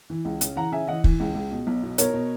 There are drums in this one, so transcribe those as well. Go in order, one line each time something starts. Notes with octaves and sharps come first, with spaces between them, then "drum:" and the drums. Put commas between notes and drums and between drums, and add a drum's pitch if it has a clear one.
E3
C#2
C#3, drum: hi-hat
E3 F#5 A#5
C#3 E5 G#5
E3 D#5 F#5
E3, drum: kick
C#2
C#2
B2
B1
B2
B2 A#4 C#5, drum: hi-hat
B2